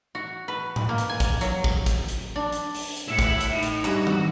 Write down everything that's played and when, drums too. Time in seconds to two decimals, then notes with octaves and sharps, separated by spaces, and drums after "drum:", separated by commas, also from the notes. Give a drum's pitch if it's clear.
0.15 F#4
0.48 B4
0.76 drum: tom G#2
0.89 A#3
0.98 drum: hi-hat
1.10 G#5
1.20 drum: kick, hi-hat
1.41 F#3, drum: hi-hat
1.64 drum: kick
1.86 drum: kick, hi-hat
2.08 drum: hi-hat
2.36 D4
2.52 drum: hi-hat
2.75 drum: open hi-hat
2.97 drum: hi-hat
3.08 A2 E4 E5 F#5
3.19 drum: kick, hi-hat
3.41 drum: hi-hat
3.51 A2 D#4
3.63 drum: hi-hat
3.85 G2 F#4, drum: clap
4.07 drum: tom D#3